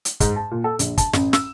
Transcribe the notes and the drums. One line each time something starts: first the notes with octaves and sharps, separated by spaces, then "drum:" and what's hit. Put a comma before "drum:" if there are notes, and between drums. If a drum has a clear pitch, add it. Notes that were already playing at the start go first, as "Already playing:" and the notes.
drum: hi-hat
G#2, drum: kick, hi-hat
A5
A#2
A4
A#1, drum: hi-hat
A5, drum: kick, hi-hat
A1, drum: snare
E6, drum: snare